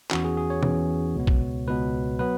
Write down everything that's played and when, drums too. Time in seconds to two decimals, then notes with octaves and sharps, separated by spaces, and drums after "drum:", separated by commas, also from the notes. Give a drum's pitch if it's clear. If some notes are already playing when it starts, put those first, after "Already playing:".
0.11 E2 E3 C#4 F#4, drum: clap
0.24 G#4
0.37 G#4
0.50 C#5
0.63 E2 E3 C#4, drum: tom
1.15 C#2 B2 B3
1.27 drum: kick
1.67 C#2 B2 B3 B4
2.19 F#3 B3 B4